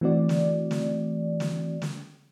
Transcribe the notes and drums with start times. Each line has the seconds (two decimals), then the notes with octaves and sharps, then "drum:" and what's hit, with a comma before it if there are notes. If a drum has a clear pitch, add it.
0.01 E3 A3 C4 F#4 D5
0.29 drum: snare
0.71 drum: snare
1.40 drum: snare
1.82 drum: snare